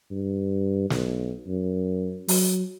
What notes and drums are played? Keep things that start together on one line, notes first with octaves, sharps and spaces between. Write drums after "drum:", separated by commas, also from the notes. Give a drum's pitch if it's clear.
G2
B1, drum: snare
F#2
F#3, drum: open hi-hat